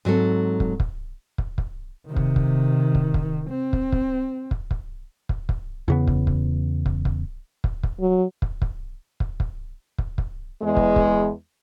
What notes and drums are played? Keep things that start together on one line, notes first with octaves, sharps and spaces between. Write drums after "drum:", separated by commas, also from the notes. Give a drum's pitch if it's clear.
G#2 F#3 C4 A4
drum: kick
drum: kick
drum: kick
drum: kick
C3 D#3
drum: kick
drum: kick
drum: kick
drum: kick
C4
drum: kick
drum: kick
drum: kick
drum: kick
drum: kick
drum: kick
E2 C#3 B3
drum: kick
drum: kick
drum: kick
drum: kick
drum: kick
drum: kick
F#3
drum: kick
drum: kick
drum: kick
drum: kick
drum: kick
drum: kick
E2 G#3
drum: kick
drum: kick